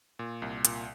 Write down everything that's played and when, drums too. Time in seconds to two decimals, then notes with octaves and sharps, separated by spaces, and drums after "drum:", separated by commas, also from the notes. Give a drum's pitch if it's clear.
0.19 A#2
0.42 C2
0.65 A#2, drum: hi-hat